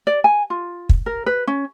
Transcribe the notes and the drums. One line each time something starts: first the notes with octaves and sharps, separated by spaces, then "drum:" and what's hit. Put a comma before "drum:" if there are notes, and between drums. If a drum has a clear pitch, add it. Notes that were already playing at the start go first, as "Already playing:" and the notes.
D5
G#5
F4
drum: kick
A#4
B4
C#4